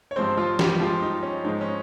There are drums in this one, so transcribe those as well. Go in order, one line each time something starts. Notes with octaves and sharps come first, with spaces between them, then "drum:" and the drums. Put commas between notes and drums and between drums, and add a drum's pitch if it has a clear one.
C#5
G2 F3 G#3 C4 C5
F3 F4
G3 G4, drum: snare
G2 F3 G#3 F4
D#4
C#4
G#2 F3 G#3 D#4
C#4